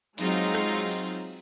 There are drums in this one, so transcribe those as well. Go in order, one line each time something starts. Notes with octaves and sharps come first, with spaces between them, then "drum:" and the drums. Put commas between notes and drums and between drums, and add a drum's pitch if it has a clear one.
F#3 G#3 C4 D#4 F4, drum: cymbal
drum: rim click
drum: cymbal